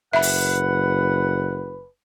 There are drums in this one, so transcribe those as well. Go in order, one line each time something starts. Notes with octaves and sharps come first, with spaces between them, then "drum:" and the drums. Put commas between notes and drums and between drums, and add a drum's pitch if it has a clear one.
F#1 B4 E5 F#5 B5
drum: open hi-hat